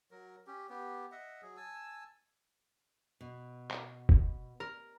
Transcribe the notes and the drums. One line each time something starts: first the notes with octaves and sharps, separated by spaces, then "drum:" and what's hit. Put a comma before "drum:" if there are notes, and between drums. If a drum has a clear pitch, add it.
F#3 A#4
C#4 G4
B3 G4
D#5 E5 F#5
F#3 G#4
G#5 A5 E6
B2
drum: clap
drum: kick
A#4